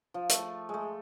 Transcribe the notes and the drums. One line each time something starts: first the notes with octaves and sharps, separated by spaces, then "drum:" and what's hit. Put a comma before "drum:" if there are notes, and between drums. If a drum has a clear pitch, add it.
F3
A3, drum: hi-hat
G#3 A3